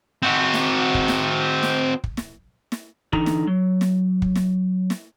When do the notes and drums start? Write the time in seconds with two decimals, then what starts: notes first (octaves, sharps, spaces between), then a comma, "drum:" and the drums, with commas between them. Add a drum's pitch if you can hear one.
0.23 C4 F#4
0.54 drum: snare
0.94 drum: kick
1.08 drum: snare
1.63 drum: snare
2.04 drum: kick
2.17 drum: snare
2.72 drum: snare
3.13 D3 E3 D#4 A#5, drum: kick
3.26 drum: snare
3.47 F#3
3.81 drum: snare
4.22 drum: kick
4.35 drum: snare
4.90 drum: snare